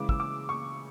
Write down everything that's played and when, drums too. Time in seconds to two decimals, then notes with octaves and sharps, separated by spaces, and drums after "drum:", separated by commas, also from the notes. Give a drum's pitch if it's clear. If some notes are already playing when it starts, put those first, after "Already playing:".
Already playing: C#3 E3 G#3 D6
0.09 E6, drum: kick
0.20 D6
0.49 C#6